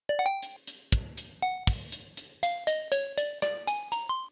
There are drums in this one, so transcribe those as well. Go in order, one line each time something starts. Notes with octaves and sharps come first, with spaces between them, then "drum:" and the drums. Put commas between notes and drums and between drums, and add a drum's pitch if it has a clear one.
D5
F#5
G5
drum: hi-hat
drum: hi-hat
drum: kick, hi-hat
drum: hi-hat
F#5
drum: kick, open hi-hat
drum: hi-hat
drum: hi-hat
F5, drum: hi-hat
D#5, drum: hi-hat
C#5, drum: hi-hat
D5, drum: hi-hat
D5, drum: rim click
G#5, drum: hi-hat
A#5, drum: hi-hat
C6